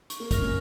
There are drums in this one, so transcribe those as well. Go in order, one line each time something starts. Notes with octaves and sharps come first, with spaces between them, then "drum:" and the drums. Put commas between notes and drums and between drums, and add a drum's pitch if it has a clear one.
C#6, drum: hi-hat
A#3
A#3 F6 A#6 F7, drum: kick, hi-hat
C#4